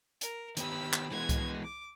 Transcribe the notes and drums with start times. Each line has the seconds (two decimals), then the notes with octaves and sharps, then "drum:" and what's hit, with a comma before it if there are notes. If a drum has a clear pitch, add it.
0.21 A#4, drum: hi-hat
0.57 D#3 B3 G4 B5 E6, drum: hi-hat
0.93 drum: clap
1.11 E3 G#3 B3 G#6
1.29 drum: kick C2, hi-hat
1.64 D6